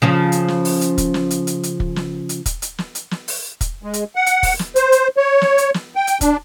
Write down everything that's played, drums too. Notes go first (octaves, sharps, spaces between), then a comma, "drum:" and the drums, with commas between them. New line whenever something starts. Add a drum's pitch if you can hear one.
C#3 F3 C#4
drum: hi-hat
drum: snare
drum: open hi-hat
drum: hi-hat
drum: kick, hi-hat
drum: snare
drum: hi-hat
drum: hi-hat
drum: hi-hat
drum: kick
drum: snare
drum: hi-hat
drum: kick, hi-hat
drum: hi-hat
drum: snare
drum: hi-hat
drum: snare
drum: open hi-hat
drum: kick, hi-hat
G#3
drum: hi-hat
F#5
drum: hi-hat
drum: kick, open hi-hat
drum: snare
C5, drum: hi-hat
drum: hi-hat
C#5
drum: snare
drum: hi-hat
drum: snare
G5
drum: hi-hat
D4, drum: kick, hi-hat